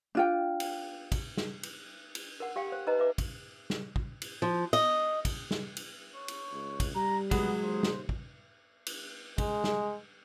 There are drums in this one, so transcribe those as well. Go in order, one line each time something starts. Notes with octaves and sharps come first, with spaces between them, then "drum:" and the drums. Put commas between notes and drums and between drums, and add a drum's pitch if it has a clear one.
D4 F4 G5
drum: cymbal
drum: kick, cymbal
drum: snare
drum: cymbal
drum: cymbal
A#4 F#5
G4 F5 G5
C5
D#4 B4 C5 D#5 A#5
B4 E5 D6
drum: kick, cymbal
drum: snare
drum: kick
drum: cymbal
F3
D#5, drum: cymbal
drum: kick, cymbal
drum: snare
drum: cymbal
C#5
drum: cymbal
C#2
drum: kick, cymbal
G3 A#5
F#3 G#3 B3, drum: kick, cymbal
D#2 C5
drum: snare
drum: kick
drum: cymbal
G#3, drum: kick, cymbal
drum: snare